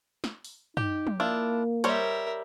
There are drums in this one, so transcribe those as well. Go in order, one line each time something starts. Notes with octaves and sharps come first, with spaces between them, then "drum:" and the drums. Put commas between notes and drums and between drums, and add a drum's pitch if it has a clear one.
drum: snare
drum: open hi-hat
D#4 G4, drum: tom
drum: tom
A#3 D4 E4 F4
G3 A#4 C5 C#5 E5, drum: hi-hat